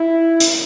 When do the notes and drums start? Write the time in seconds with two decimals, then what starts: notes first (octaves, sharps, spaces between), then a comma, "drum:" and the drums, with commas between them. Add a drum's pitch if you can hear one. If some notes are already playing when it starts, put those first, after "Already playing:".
Already playing: E4
0.40 drum: hi-hat